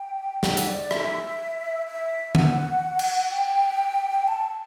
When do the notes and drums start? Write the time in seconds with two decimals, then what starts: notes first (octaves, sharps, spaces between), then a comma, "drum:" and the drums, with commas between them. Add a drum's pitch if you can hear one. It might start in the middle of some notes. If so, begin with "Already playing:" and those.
Already playing: G5
0.43 F#5, drum: snare
0.49 G5
0.57 F#5, drum: hi-hat
0.67 D5
0.91 E5, drum: rim click
1.86 E5
2.35 F#5, drum: tom D3
2.99 drum: cymbal
3.31 G5
4.28 A5